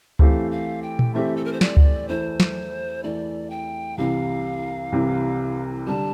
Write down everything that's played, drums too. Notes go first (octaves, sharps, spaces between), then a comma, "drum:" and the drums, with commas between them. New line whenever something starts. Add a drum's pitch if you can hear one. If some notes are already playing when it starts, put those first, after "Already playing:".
E3 A3 C4 G4 F5, drum: kick C#2
F5
G5
drum: tom A#2
E3 A3 C4 G4 E5
A4
A#4
C5
D5, drum: snare
drum: kick C#2
E2 E3 A3 E4 C5
drum: snare
E2 E3 A3 E4 D5
G5
C2 C3 E3 F5
C2 C3 E3
D3 G3 A5